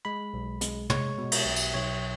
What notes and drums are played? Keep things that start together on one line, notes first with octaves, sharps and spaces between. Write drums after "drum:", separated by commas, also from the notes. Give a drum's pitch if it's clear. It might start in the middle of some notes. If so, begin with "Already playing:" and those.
G#3 B5
B1
G#3, drum: hi-hat
G#3 C#5, drum: tom
B2
drum: cymbal
B1
drum: tambourine
B1 C#5